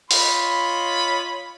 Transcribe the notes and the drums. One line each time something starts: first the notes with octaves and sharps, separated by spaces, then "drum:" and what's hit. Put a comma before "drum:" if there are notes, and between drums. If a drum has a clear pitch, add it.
F4 C#5 D#5 B5, drum: open hi-hat